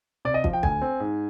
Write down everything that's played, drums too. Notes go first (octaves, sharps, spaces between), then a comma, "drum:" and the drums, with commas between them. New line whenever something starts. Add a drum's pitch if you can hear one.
C3 D5
D#5
F3, drum: kick
G5
D2 G#5, drum: kick
C4
G#2